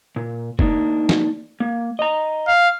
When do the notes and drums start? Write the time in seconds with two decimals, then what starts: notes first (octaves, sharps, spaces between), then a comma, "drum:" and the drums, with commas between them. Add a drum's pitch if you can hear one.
0.16 A#2
0.59 A#3 D4 D#4, drum: kick
1.09 drum: snare
1.60 A#3
1.99 D#5 A#5
2.47 F5